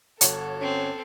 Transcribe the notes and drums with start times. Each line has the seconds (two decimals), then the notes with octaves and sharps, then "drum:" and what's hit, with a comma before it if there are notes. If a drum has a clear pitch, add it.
0.21 G1 F#4 A4 C#5, drum: hi-hat
0.61 C4 C#4